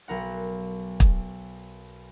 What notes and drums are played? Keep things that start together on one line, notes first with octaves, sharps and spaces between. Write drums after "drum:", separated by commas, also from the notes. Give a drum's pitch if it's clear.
B1 A#4 F#5
drum: kick